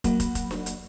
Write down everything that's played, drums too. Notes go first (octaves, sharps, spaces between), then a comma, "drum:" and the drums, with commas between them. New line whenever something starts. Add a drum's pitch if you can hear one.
F#3 A#3 F#5 B5, drum: kick, hi-hat
drum: kick, hi-hat
drum: kick, hi-hat
drum: snare D4
drum: hi-hat